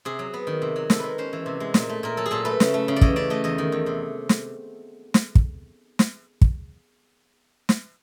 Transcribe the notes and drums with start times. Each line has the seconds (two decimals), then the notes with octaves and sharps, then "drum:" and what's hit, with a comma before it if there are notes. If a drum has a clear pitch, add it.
0.05 C3 G#4
0.19 F#3
0.34 B3
0.47 D#3
0.62 C3
0.76 F#3
0.90 C3 A4, drum: snare
1.00 G#3 A#4 B4
1.18 C#4 C5
1.33 E3
1.46 C3
1.60 G#3
1.74 A#2, drum: snare
1.89 A3
2.03 A#2 A#4
2.17 F#3 A4
2.26 G#4
2.31 A#2 A4
2.45 A3 B4
2.60 C#3, drum: snare
2.74 A3
2.88 C#3
2.96 D5
3.01 E3 D#5, drum: kick
3.16 C#3 D5
3.30 A3 D#5
3.44 E2 D#5
3.58 D#3
3.72 E2
3.86 C3
4.29 drum: snare
5.14 drum: snare
5.35 drum: kick
5.99 drum: snare
6.42 drum: kick
7.69 drum: snare